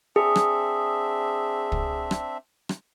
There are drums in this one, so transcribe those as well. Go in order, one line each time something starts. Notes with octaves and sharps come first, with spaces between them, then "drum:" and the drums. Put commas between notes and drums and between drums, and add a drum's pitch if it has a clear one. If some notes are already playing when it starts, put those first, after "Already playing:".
C4 D4 G#4 E5
drum: rim click
drum: kick
drum: rim click
drum: rim click